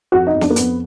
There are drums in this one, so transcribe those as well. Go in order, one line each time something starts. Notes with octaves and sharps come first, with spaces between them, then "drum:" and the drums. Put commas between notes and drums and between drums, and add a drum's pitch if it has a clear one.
F2 F#4
D#4
F2
D4, drum: snare
A#3
F2 B3, drum: hi-hat